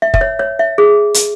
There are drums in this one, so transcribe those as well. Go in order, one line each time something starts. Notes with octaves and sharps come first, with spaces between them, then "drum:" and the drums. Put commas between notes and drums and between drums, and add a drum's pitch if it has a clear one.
E5
E5, drum: kick
C#5
C#5
E5
G#4
drum: hi-hat